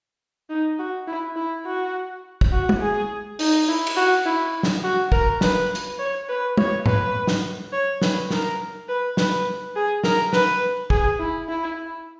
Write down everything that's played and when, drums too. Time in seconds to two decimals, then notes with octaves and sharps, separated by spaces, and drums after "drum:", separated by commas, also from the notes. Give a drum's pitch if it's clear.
0.49 D#4
0.79 F#4
1.07 E4
1.36 E4
1.65 F#4
2.41 drum: kick
2.52 F#4
2.69 drum: tom
2.81 G#4
3.39 D#4, drum: open hi-hat
3.68 E4
3.87 drum: cymbal
3.97 F#4
4.25 E4
4.63 drum: snare
4.83 F#4
5.12 A#4, drum: kick
5.41 B4, drum: snare
5.75 drum: hi-hat
5.99 C#5
6.28 B4
6.57 C#5, drum: tom
6.86 B4, drum: tom G#2
7.27 drum: snare
7.72 C#5
8.02 B4, drum: snare
8.31 A#4, drum: snare
8.88 B4
9.17 B4, drum: snare
9.76 G#4
10.04 A#4, drum: snare
10.33 B4, drum: snare
10.90 G#4, drum: kick
11.19 E4
11.48 E4